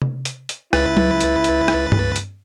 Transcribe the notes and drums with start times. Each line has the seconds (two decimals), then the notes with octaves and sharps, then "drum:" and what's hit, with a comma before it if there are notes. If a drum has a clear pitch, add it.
0.02 drum: tom C3
0.25 drum: hi-hat
0.49 drum: hi-hat
0.73 C#2 E4 B4 A6, drum: rim click
0.97 drum: tom F#3
1.21 drum: hi-hat
1.44 drum: hi-hat
1.68 drum: rim click
1.92 drum: tom G2
2.16 drum: hi-hat